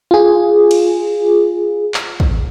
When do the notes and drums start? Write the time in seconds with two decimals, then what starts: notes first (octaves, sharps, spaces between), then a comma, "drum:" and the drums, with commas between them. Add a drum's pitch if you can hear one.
0.11 F4 G#4
0.71 drum: cymbal
1.94 drum: clap
2.20 drum: kick